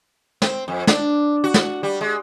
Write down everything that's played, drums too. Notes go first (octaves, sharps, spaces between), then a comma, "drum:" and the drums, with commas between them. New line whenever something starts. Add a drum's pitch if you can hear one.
C4, drum: snare
F2
D4, drum: snare
F#4
drum: snare
G3
G#3